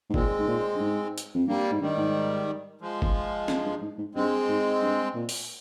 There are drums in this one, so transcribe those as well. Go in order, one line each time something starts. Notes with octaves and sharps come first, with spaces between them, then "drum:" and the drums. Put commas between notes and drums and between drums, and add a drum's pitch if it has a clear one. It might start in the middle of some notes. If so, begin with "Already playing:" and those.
G#2
A#2 G#3 C4, drum: kick
G#2
A#2
G2
G#2
drum: hi-hat
F2
G2 G3 A#3
G#2
G2 D#3 G3
G#2
F3 G#3
drum: kick
F2, drum: snare
G2
G#2
G#2
G2 G#3 C4
G#2
G2
A#2
drum: open hi-hat